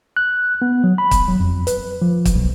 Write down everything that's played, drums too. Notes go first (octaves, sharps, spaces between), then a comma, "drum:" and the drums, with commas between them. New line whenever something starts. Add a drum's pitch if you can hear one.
F#6
B3
F#3
B5
drum: kick, hi-hat
F#3
F2
B4, drum: hi-hat
F3
drum: kick, hi-hat
B1